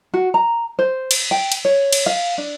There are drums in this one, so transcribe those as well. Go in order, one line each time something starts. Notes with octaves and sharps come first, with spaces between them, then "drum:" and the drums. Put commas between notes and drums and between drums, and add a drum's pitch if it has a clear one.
F#4
A#5
C5
drum: cymbal
G5
drum: cymbal
C#5
drum: cymbal
F5
D4